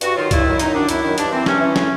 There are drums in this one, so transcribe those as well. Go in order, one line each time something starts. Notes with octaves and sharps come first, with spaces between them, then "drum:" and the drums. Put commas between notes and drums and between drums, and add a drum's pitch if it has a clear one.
G2 F#4, drum: hi-hat
D#3 F#3 F4
G2 E4, drum: kick C2, hi-hat
D#3 F#3
F#2 D#4, drum: hi-hat
D#3 F#3 D4
F#2 E4, drum: hi-hat
D#3 F#3
G2 D4, drum: hi-hat
E3 C4
G2 C#4, drum: snare
E3
A2, drum: snare